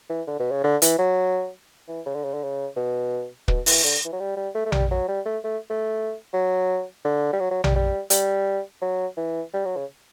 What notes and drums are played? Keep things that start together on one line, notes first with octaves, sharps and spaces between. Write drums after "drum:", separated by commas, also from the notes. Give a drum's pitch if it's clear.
E3
D3
B2
C#3
D3
E3, drum: hi-hat
F#3
E3
C#3
D3
C#3
D3
C#3
B2
B2, drum: kick
E3, drum: open hi-hat
D3
E3
F#3
G3
G3
A3
A3
G3, drum: tom A#1
F#3
G3
A3
A3
A3
F#3
D3
G3
F#3
F#3
G3, drum: tom A#1
G3
G3, drum: hi-hat
F#3
E3
G3
F#3
C#3